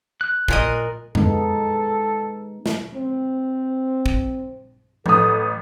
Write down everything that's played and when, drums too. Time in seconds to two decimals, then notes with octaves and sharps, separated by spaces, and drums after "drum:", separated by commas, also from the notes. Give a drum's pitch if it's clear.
0.21 F#6
0.48 A#2 A#4 D#5, drum: kick
1.15 G#3 B3 D#4 A4, drum: tom F2
2.66 drum: snare
2.94 C4
4.06 drum: kick
5.06 A1 A4 D#6, drum: tom F3